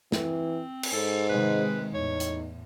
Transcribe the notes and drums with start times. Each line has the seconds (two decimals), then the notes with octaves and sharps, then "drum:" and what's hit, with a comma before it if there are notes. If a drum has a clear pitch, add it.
0.12 E3 C4, drum: snare
0.83 drum: cymbal
0.93 G#2 A4
1.29 C3 D#3 G#3 B4
1.94 E2 A2 D#4 C#5
2.20 drum: hi-hat